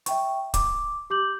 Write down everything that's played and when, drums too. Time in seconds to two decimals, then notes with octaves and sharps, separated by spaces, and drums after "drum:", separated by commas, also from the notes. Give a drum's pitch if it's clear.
0.06 E5 G5 C#6, drum: hi-hat
0.54 D6, drum: kick C#1, hi-hat
1.10 G4 D6 G6 F#7